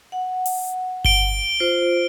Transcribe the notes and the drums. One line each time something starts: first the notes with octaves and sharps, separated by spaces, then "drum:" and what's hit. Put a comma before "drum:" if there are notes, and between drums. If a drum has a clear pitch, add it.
F#5
drum: open hi-hat
D7 G7, drum: kick G1
F4 C5